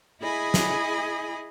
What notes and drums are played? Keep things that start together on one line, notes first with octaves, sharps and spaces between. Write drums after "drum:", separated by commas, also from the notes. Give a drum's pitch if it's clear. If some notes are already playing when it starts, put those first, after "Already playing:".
E4 G#4 D#5 G#5 B5
drum: snare